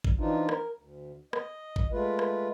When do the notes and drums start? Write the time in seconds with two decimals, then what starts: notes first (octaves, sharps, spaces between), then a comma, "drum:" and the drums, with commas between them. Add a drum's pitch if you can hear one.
0.04 drum: kick G#1
0.19 E3 F3 D4 D#4 F4
0.49 A#4, drum: rim click
0.79 D2
1.33 D#5, drum: rim click
1.76 drum: kick G#1
1.93 G#3 A3 F4 B4
2.19 drum: rim click